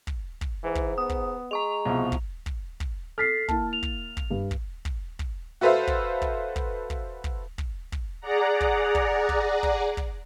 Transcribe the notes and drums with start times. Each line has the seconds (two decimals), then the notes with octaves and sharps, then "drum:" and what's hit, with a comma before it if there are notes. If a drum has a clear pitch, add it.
0.07 drum: kick
0.41 drum: kick
0.64 G#2 E3
0.75 drum: kick
0.98 B3 D#6
1.09 drum: kick
1.51 G#3 A#5 C#6 F7
1.86 C2 B2 F3
2.12 drum: kick
2.46 drum: kick
2.80 drum: kick
3.18 A4 F6 A6 B6 C7
3.48 A#3 E4 A5, drum: kick
3.73 F7
3.83 drum: kick
4.17 drum: kick
4.31 G2
4.51 drum: kick
4.85 drum: kick
5.19 drum: kick
5.61 F#4 A4 B4 C5 E5 F5
5.87 drum: kick
6.22 drum: kick
6.56 drum: kick
6.90 drum: kick
7.24 drum: kick
7.58 drum: kick
7.92 drum: kick
8.21 G#4 D5 F#5 A#5
8.61 drum: kick
8.95 drum: kick
9.29 drum: kick
9.63 drum: kick
9.97 drum: kick